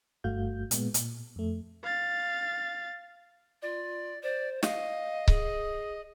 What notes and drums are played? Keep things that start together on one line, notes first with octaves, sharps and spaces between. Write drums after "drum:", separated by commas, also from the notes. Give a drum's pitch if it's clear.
G1 G2 A3 F#4 F5 G6
A#2 G#3 B3, drum: hi-hat
A#2, drum: hi-hat
F2 A3
F5 A6
F4 D5
C5 D5
D#5 F5, drum: snare
G#4, drum: kick C#1